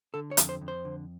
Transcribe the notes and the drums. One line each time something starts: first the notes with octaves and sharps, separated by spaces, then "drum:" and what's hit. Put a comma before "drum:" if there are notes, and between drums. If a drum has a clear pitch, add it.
D3 A4
C#5
F2, drum: hi-hat
C5
F2
C5
D3